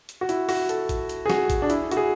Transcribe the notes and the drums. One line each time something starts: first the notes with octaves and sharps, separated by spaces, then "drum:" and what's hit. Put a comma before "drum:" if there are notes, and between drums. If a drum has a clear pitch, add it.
drum: hi-hat
F#4
E4, drum: hi-hat
F#4, drum: open hi-hat
A4, drum: hi-hat
drum: kick, hi-hat
drum: hi-hat
G#4
F#4, drum: snare
drum: kick, hi-hat
D4
E4, drum: hi-hat
F#4, drum: hi-hat
G#4